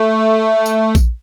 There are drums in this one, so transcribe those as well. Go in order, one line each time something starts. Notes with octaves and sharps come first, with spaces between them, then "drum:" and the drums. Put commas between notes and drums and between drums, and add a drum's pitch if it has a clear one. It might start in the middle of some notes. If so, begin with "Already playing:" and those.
Already playing: A3
drum: tambourine
drum: kick A#1, tambourine